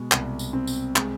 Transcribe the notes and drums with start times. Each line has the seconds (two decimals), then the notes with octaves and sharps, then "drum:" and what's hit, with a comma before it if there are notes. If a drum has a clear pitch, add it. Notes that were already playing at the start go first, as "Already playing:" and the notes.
Already playing: B2 G#3
0.12 C2, drum: clap
0.39 drum: tambourine
0.53 C4
0.67 drum: tambourine
0.96 G#3, drum: clap